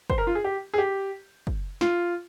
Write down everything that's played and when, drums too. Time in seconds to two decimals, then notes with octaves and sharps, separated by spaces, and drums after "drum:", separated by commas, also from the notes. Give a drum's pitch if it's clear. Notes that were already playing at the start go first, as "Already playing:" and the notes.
0.10 C5, drum: kick
0.18 A#4
0.27 F4
0.35 G#4
0.44 G4
0.74 G#4
0.78 G4
1.47 drum: kick
1.81 F4, drum: snare